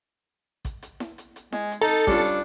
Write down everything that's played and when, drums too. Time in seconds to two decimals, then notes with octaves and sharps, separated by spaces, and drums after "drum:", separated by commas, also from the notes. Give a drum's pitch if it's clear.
0.65 drum: kick A1, hi-hat
0.82 drum: hi-hat
1.00 drum: snare E4
1.18 drum: hi-hat
1.36 drum: hi-hat
1.52 G#3, drum: snare E4
1.71 drum: hi-hat
1.81 D#4 A4 A#5
2.07 G3 C#4 D4 F4, drum: kick A1, hi-hat
2.25 drum: hi-hat